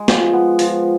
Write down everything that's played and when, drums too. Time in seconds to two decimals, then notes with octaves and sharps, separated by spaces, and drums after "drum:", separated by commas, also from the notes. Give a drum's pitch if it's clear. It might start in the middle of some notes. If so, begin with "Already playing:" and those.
Already playing: G#3
0.08 F3, drum: snare
0.33 B3
0.59 F3, drum: open hi-hat